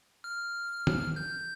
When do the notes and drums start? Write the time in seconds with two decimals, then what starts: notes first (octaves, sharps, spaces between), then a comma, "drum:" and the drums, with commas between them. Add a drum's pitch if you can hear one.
0.24 F6
0.87 drum: tom
1.16 G6